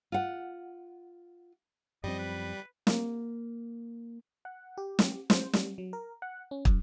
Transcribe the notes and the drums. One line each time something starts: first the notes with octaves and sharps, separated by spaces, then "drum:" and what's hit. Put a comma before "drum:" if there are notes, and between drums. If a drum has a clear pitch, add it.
F4 F#5
F#2 F3 G3 C4 D#5
B4
A#3, drum: snare
F#5
G4
drum: snare
C5, drum: snare
G3, drum: snare
F#3
A#4
F#5
C#4
F#2, drum: kick